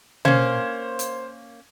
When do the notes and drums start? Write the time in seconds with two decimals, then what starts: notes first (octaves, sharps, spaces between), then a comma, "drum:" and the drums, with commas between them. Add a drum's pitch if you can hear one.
0.25 A#3 C#4 C5 F5 G#6, drum: tom B2
0.99 drum: hi-hat